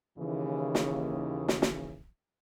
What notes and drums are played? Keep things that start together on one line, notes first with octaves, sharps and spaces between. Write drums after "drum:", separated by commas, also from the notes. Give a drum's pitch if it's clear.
D#2 C#3 E3
drum: snare
drum: snare
drum: snare